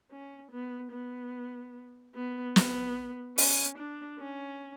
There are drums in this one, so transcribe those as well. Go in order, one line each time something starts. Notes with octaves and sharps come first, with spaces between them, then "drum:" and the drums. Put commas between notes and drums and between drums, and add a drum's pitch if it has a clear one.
C#4
B3
B3
B3
B3, drum: snare
C#4, drum: open hi-hat
D4
C#4